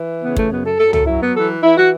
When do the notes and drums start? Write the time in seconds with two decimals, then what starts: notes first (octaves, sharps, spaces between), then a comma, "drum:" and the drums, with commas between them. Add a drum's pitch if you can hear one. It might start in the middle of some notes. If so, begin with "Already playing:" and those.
Already playing: E3
0.22 C#3 B3
0.37 A3, drum: kick
0.50 F#2 B3
0.64 A4
0.78 F#2 A4
0.93 A4, drum: tom
1.06 F#3 E4
1.21 B3
1.34 E3 A4
1.63 E3 E4
1.77 F#4